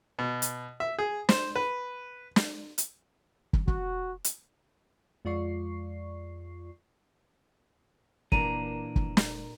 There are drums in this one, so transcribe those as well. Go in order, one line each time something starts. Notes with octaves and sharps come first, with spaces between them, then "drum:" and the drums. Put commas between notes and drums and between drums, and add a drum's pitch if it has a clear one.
B2
drum: hi-hat
E5
G#4
C5, drum: snare
B4
drum: snare
drum: hi-hat
drum: kick
F#4, drum: kick
drum: hi-hat
F2 G#3 F4 D5 C#6 C7
A#2 E3 A#3 D4 A#5 D#7, drum: kick
drum: kick
drum: snare